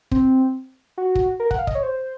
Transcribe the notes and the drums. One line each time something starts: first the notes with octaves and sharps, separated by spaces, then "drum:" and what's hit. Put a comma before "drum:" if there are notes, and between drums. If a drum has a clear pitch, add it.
C4, drum: kick
F#4
drum: kick
A#4
F#5, drum: kick
F5
D#5, drum: kick
C#5
C5